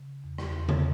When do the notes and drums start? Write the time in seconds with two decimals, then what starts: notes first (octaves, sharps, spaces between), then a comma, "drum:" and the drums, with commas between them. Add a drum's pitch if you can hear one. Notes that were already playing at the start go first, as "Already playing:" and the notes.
Already playing: C#3
0.24 E2
0.38 drum: rim click
0.54 E2
0.69 drum: tom C#3